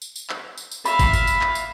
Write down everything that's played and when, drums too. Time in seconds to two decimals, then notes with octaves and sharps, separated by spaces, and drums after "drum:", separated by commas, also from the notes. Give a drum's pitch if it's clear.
0.02 drum: tambourine
0.16 drum: tambourine
0.30 drum: clap
0.58 drum: tambourine
0.71 drum: tambourine
0.85 E5 F5 B5, drum: tambourine
0.99 drum: kick G1, tambourine
1.13 drum: tambourine
1.27 drum: tambourine
1.41 drum: clap
1.55 drum: tambourine